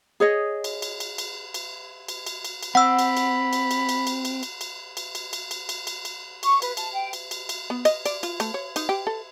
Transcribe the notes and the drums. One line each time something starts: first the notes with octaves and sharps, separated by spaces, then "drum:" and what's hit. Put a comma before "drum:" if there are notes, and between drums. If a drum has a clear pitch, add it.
G#4 C#5 D#5
drum: cymbal
drum: cymbal
drum: cymbal
drum: cymbal
drum: cymbal
drum: cymbal
drum: cymbal
drum: cymbal
drum: cymbal
C4 F#5 B5 E6
drum: cymbal
drum: cymbal
drum: cymbal
drum: cymbal
drum: cymbal
drum: cymbal
drum: cymbal
drum: cymbal
drum: cymbal
drum: cymbal
drum: cymbal
drum: cymbal
drum: cymbal
drum: cymbal
drum: cymbal
drum: cymbal
C#6, drum: cymbal
B4, drum: cymbal
A5, drum: cymbal
G5
drum: cymbal
drum: cymbal
drum: cymbal
B3
D#5, drum: cymbal
D5, drum: cymbal
F4, drum: cymbal
A3, drum: cymbal
C#5
D#4, drum: cymbal
G4
A4